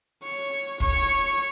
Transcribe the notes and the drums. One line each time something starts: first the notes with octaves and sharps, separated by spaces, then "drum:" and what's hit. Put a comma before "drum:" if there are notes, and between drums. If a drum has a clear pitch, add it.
C#5
C#5, drum: kick